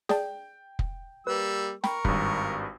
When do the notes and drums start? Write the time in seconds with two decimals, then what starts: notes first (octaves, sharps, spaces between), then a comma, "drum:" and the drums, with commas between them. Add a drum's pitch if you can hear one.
0.09 G#4 D5 G5 A5, drum: snare
0.79 drum: kick
1.27 G3 A#3 B4 E6
1.84 A#4 G5 B5 C#6, drum: snare
2.05 G#1 G2, drum: kick